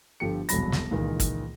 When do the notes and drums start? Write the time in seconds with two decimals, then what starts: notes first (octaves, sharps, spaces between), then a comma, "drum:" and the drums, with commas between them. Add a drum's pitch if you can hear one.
0.20 G1 D3 F3 G4 A4 C#7
0.49 E1 C2 F2 F#3 B5 A#6, drum: hi-hat
0.72 drum: snare
0.91 C#2 A#2 D#3 E3
1.20 drum: kick, hi-hat